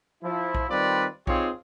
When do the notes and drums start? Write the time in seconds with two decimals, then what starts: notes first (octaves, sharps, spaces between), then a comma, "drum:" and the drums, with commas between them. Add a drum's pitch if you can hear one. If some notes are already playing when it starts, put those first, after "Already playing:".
0.23 F3 E4
0.55 drum: kick B1
0.69 D#3 G3 C4 F4 B4 D5
1.27 C4 D#4 F4 G4 G#4 C#5, drum: kick B1